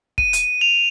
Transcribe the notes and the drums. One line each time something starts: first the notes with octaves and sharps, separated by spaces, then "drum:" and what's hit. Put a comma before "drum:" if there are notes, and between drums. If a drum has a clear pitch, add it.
D#7, drum: kick
drum: hi-hat
F7